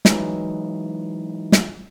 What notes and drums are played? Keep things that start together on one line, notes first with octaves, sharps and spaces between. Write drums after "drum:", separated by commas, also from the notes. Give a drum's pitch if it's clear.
E3 F#3 G#3 D#4 E4, drum: snare
drum: snare